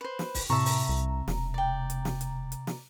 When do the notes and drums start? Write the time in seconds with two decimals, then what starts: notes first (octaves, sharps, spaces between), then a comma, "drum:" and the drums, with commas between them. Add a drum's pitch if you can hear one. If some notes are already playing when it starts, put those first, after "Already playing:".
0.01 B4 C5
0.19 drum: snare
0.35 drum: kick, open hi-hat
0.50 A2 C3 E5 A5 A#5 C#6
0.66 drum: open hi-hat
0.89 C2
1.28 E1, drum: snare
1.54 D5 G5
1.90 drum: hi-hat
2.05 drum: snare
2.21 drum: hi-hat
2.52 drum: hi-hat
2.67 drum: snare